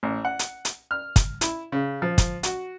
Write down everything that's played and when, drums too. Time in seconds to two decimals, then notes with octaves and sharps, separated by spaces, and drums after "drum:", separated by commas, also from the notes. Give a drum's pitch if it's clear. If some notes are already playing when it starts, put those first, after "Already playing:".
0.03 A1
0.25 F#5
0.39 drum: hi-hat
0.65 drum: hi-hat
0.91 F6
1.16 drum: kick, hi-hat
1.41 E4, drum: hi-hat
1.72 C#3
2.02 F3
2.18 drum: kick, hi-hat
2.43 F#4, drum: hi-hat